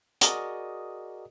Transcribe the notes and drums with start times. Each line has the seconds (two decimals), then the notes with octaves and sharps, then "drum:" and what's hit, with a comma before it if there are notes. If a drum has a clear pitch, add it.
0.21 F#4 G#4 A#4 D5 D#5 D#6, drum: hi-hat